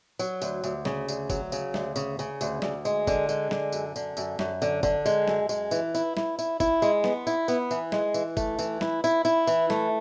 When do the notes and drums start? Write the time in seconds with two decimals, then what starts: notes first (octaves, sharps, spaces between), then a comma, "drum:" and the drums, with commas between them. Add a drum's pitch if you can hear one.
0.19 F#3, drum: tambourine
0.42 D2, drum: tambourine
0.64 D2, drum: tambourine
0.85 C#3, drum: snare
1.09 D2, drum: tambourine
1.30 F#3, drum: kick, tambourine
1.52 C#3, drum: tambourine
1.74 D2, drum: snare
1.96 C#3, drum: tambourine
2.19 C#3, drum: tambourine
2.41 D2, drum: tambourine
2.62 D2, drum: snare
2.85 G#3, drum: tambourine
3.07 D3, drum: kick, tambourine
3.29 G#3, drum: tambourine
3.51 D3, drum: snare
3.72 F#2, drum: tambourine
3.96 D3, drum: tambourine
4.17 F#2, drum: tambourine
4.39 F#2, drum: snare
4.62 D3, drum: tambourine
4.83 D3, drum: kick, tambourine
5.06 G#3, drum: tambourine
5.28 F#2, drum: snare
5.49 G#3, drum: tambourine
5.71 E3, drum: tambourine
5.95 E4, drum: tambourine
6.17 E4, drum: snare
6.39 E4, drum: tambourine
6.60 E4, drum: kick, tambourine
6.82 G#3, drum: tambourine
7.04 B3, drum: snare
7.27 E4, drum: tambourine
7.48 B3, drum: tambourine
7.71 E3, drum: tambourine
7.92 G#3, drum: snare
8.14 E3, drum: tambourine
8.37 A3, drum: kick, tambourine
8.59 E3, drum: tambourine
8.81 E4, drum: snare
9.04 E4, drum: tambourine
9.25 E4, drum: tambourine
9.47 E3, drum: tambourine
9.70 A3, drum: snare